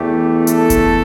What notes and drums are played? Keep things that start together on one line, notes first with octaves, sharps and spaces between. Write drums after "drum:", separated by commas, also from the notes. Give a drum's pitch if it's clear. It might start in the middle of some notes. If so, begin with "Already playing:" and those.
Already playing: E2 E3 A3 G4
A4, drum: hi-hat
drum: kick F#1, hi-hat